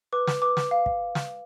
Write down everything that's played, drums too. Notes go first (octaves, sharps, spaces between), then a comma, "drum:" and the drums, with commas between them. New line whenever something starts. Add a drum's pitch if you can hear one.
B4 D6
drum: snare
B4 D6
drum: snare
F5
drum: kick
drum: snare